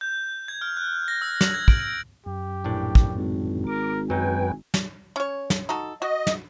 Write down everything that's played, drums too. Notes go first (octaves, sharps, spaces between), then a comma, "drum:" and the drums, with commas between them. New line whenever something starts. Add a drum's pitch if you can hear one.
G6
G#6
F6
F#6
A#6
E6
F#7, drum: snare
G#6
D7, drum: kick
D7
F#2 G4
A#1 A2 D4
drum: kick
G#1
A#4 D6
F#2 F#3 D#4 B4 G5 G#5
drum: snare
C#4 C#5
drum: snare
D#4 F#4 A4
F#4 D#5
drum: snare